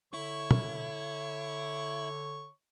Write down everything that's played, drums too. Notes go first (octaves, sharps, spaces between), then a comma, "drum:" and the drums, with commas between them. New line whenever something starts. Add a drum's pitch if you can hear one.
D3 E4 C#5 C#6
drum: tom